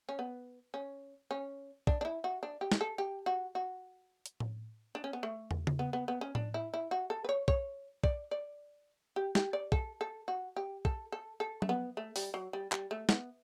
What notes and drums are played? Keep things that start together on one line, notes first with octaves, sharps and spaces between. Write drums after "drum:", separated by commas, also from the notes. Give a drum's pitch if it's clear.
C#4
B3
C#4
C#4
D4, drum: kick
D4
E4
F#4
D4
G4
drum: snare
A4
G4
F#4
F#4
drum: hi-hat
drum: tom A2
D4
C#4
B3
A3
drum: tom
drum: tom C#3
B3
B3
B3
C#4
D4, drum: tom A2
E4
E4
F#4
A4
B4
C#5
C#5, drum: kick
D5, drum: kick
D5
G4
G4, drum: snare
D5
A4, drum: kick
A4
F#4
G4
A4, drum: kick
A4
A4
A3, drum: tom F#3
B3
A3
G3, drum: open hi-hat
F#3
G3
G3, drum: clap
A3
B3, drum: snare